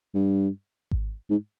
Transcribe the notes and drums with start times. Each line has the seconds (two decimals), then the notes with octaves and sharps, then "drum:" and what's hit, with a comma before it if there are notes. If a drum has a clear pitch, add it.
0.15 G2
0.91 drum: kick G#1
1.30 G#2